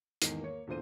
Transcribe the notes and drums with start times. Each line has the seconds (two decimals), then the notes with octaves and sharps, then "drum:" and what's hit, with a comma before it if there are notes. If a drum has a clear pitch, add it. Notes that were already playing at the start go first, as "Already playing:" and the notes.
0.22 E2 G#2 D#3, drum: hi-hat
0.40 A#3 C#5
0.67 E2 A#2 D3 C5 D#7